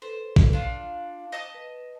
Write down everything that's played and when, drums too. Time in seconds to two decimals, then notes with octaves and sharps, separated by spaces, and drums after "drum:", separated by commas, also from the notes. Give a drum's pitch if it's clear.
0.02 A4 B4 C5
0.36 drum: kick A1
0.53 D4 F4 F5
1.32 D#5 A5 D#6
1.55 B4